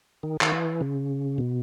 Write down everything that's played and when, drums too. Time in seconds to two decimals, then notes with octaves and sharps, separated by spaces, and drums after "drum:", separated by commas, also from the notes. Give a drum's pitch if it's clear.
0.23 D#3
0.41 D#3, drum: clap
0.52 E3
0.81 C#3
1.38 B2